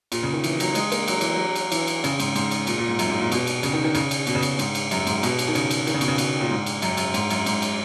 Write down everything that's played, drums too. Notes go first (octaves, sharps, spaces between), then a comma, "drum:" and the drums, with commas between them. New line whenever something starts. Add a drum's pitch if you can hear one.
A#2, drum: cymbal
C#3
D#3
E3, drum: cymbal
F#3, drum: cymbal
G#3, drum: cymbal
A#3, drum: cymbal
F#3, drum: cymbal
E3, drum: cymbal
F#3
drum: cymbal
E3, drum: cymbal
drum: cymbal
C#3, drum: cymbal
G#2, drum: cymbal
G#2, drum: cymbal
drum: cymbal
A#2, drum: cymbal
A#2
G#2
F#2, drum: cymbal
G#2
A#2
B2, drum: cymbal
drum: cymbal
C#3, drum: cymbal
D#3
D#3
C#3, drum: cymbal
drum: cymbal
B2, drum: cymbal
C#3
B2, drum: cymbal
G#2, drum: cymbal
drum: cymbal
F#2, drum: cymbal
G#2, drum: cymbal
B2, drum: cymbal
drum: cymbal
D#3
C#3, drum: cymbal
drum: cymbal
D#3, drum: cymbal
C#3
B2, drum: cymbal
C#3
B2, drum: cymbal
A#2
G#2
drum: cymbal
F#2, drum: cymbal
F#2, drum: cymbal
G#2, drum: cymbal
F#2, drum: cymbal
G#2, drum: cymbal
drum: cymbal